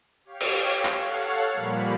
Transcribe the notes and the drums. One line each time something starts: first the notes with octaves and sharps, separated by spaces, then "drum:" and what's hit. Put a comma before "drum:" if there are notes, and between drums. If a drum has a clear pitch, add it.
G4 C#5 F5 G5
drum: cymbal
drum: clap
A4 C#5 F5 F#5
A#2 F3 G3 A#3 B5